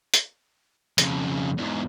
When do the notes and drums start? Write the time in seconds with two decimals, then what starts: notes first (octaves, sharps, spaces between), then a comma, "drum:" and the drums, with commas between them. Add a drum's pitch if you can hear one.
0.14 drum: hi-hat
0.98 F2 C#3, drum: hi-hat
1.58 E2 G#2